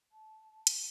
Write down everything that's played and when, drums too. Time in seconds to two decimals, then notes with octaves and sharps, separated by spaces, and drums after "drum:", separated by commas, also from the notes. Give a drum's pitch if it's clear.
0.12 A5
0.67 drum: hi-hat